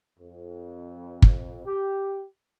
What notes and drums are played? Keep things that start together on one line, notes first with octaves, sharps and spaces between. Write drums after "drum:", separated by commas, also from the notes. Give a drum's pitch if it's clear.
F2
drum: kick
G4